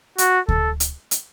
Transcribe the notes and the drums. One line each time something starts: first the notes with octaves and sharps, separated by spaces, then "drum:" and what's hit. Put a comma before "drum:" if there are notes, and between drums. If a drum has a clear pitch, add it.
F#4, drum: hi-hat
A4, drum: kick D2
drum: hi-hat
drum: hi-hat